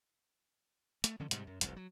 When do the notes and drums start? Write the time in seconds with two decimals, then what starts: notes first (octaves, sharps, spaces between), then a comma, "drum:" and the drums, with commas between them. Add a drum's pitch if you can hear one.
1.04 A3, drum: hi-hat
1.20 D3 F3 C#4
1.31 G#2 C3 G3, drum: hi-hat
1.47 F#2
1.61 F1 C2, drum: hi-hat
1.76 F#3